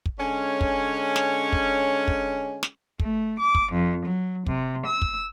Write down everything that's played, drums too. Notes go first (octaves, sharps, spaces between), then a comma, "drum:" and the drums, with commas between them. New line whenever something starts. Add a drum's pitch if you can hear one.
drum: kick
D3 G#3 C#4
drum: kick
drum: snare
drum: kick
drum: kick
drum: snare
A3, drum: kick
D6
drum: kick
F2
F#3
C3, drum: kick
E6
drum: kick